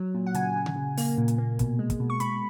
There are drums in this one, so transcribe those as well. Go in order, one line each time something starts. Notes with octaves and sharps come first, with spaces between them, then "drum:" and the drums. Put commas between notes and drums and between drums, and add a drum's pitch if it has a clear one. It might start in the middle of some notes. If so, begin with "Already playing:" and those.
Already playing: F#3
A#2
F#5
C#3 G#5, drum: hi-hat
C#3
drum: tom C#3
C#3
A#3, drum: open hi-hat
A#2
drum: hi-hat
A#3
B2, drum: kick, hi-hat
G#3
drum: kick, hi-hat
B2
C#6
B2 B5, drum: hi-hat